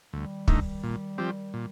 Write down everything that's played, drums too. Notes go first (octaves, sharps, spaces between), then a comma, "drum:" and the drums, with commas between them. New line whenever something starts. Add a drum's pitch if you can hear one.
D2 D#3 G3
D3 A3 D#4, drum: kick
A#2
F3 C4 G4
A#2